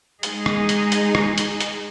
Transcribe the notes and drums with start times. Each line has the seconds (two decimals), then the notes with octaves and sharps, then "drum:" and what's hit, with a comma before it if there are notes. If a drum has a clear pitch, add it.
0.23 G#3 D#4 G#4, drum: hi-hat
0.46 drum: rim click
0.69 drum: hi-hat
0.92 drum: hi-hat
1.15 drum: rim click
1.38 drum: hi-hat
1.61 drum: hi-hat